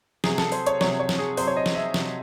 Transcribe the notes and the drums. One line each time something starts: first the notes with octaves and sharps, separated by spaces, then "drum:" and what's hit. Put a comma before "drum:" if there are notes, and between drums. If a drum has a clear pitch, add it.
C3 F#3 G#4, drum: snare
A4, drum: snare
C5, drum: open hi-hat
C#5, drum: hi-hat
C3 F#3 C#5, drum: snare
C#5
drum: snare
G#4
C3 F#3 C5, drum: open hi-hat
C#5
D#5
drum: snare
E5
C3 F#3, drum: snare